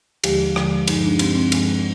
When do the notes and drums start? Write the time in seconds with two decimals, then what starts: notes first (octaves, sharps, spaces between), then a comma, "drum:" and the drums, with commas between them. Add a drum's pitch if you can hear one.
0.24 D#2 D3 F3 G#3 G4, drum: cymbal
0.56 D#2 D3 F3 G#3, drum: rim click
0.88 G2 F3 G#3 D#4, drum: cymbal
1.04 D4
1.19 G2 F3 G#3 C4, drum: cymbal
1.35 C4
1.52 G2 F3 G#3, drum: cymbal